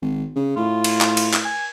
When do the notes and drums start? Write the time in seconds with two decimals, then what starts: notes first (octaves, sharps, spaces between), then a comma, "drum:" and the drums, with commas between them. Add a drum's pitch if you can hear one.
0.02 G#1
0.35 C#3
0.56 A2 F4
0.84 drum: cymbal
1.01 drum: clap
1.17 drum: cymbal
1.33 drum: clap
1.45 G#5